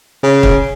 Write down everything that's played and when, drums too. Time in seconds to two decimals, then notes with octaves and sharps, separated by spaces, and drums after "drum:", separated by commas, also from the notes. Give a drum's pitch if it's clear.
0.23 C#3
0.43 drum: kick